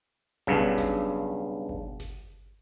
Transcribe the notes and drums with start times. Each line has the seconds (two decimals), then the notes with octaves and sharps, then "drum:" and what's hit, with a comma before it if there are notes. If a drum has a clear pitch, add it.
0.47 B1 G2 C#3, drum: kick G1
0.78 drum: snare G1
1.69 drum: kick G1
2.00 drum: snare G1